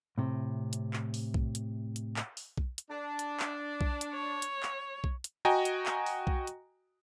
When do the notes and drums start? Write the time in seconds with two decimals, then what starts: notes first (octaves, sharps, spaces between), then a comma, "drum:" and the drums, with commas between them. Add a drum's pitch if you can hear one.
0.18 A2 C3
0.73 drum: hi-hat
0.93 drum: clap
1.14 drum: open hi-hat
1.34 drum: kick B1
1.55 drum: hi-hat
1.96 drum: hi-hat
2.16 drum: clap
2.37 drum: open hi-hat
2.58 drum: kick B1
2.78 drum: hi-hat
2.90 D4
3.19 drum: hi-hat
3.40 drum: clap
3.81 drum: kick B1
4.01 drum: hi-hat
4.13 C#5
4.42 drum: hi-hat
4.63 drum: clap
5.04 drum: kick B1
5.24 drum: hi-hat
5.45 F#4 D#5 G5 G#5 A#5
5.65 drum: hi-hat
5.86 drum: clap
6.06 drum: open hi-hat
6.27 drum: kick B1
6.47 drum: hi-hat